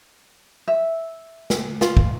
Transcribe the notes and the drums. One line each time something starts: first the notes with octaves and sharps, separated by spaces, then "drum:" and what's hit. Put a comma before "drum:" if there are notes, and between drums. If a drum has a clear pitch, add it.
E5
drum: snare
F4, drum: snare
drum: kick